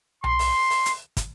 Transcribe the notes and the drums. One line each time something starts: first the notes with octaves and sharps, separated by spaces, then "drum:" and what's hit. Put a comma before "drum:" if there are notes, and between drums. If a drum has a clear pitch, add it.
C6, drum: tom B1
drum: open hi-hat
drum: open hi-hat
drum: hi-hat
drum: kick, hi-hat